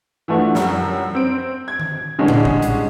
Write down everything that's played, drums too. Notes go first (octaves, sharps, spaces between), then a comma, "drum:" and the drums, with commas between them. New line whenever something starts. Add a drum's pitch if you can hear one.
E3 F3 A3 D4 F#4
F#2 G3 F#5, drum: snare
C4 D7
G#6
drum: tom D#3
D3 E3 G3 G#3 C#4 D4
drum: tom A2
drum: kick
drum: hi-hat